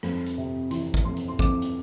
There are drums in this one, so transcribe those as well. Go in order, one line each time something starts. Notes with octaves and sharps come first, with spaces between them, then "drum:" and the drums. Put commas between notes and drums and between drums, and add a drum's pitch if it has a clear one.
F2, drum: rim click
drum: hi-hat
C3
E3 C6, drum: hi-hat
drum: kick
F2 C6
drum: hi-hat
C6
F2 D6, drum: kick
drum: hi-hat